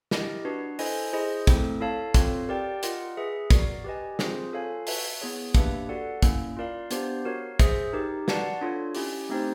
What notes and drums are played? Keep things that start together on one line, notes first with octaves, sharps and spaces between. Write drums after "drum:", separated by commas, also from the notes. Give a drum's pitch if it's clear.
E4 G4 A#4 D#5, drum: snare
D4 F#4 B4
E4 A4 C5 D#5 G#5, drum: open hi-hat
E4 G#4 C5 D#5
A3 C4 E4 A4, drum: kick, hi-hat
E4 A4 C#5 F5 A5
C4 F4 A4 C#5 F5, drum: kick, hi-hat
G4 A#4 D5 G5
F4 A#4 D#5 F#5, drum: hi-hat
G#4 B4 E5
F#4 A#4 D5, drum: kick, hi-hat
G4 B4 D#5 G#5
C4 F4 G#4 C5, drum: snare
F4 A4 C#5 F5 G#5
F#4 B4 E5 A5, drum: open hi-hat
B3 E4 G#4 C#5
A#3 D4 G4 B4 E5, drum: kick, hi-hat
F#4 A4 D5 F#5
A#3 C#4 E4, drum: kick, hi-hat
F4 A#4 D5 F5
B3 D4 G4 C5 F5, drum: hi-hat
F#4 A#4 C#5
G#4 C5 E5, drum: kick, hi-hat
D#4 G4 A#4
F#4 B4 D5 F#5 A5, drum: snare
D4 F4 A4 C#5
C#4 E4 G4, drum: open hi-hat
A3 C4 D#4 G4 C5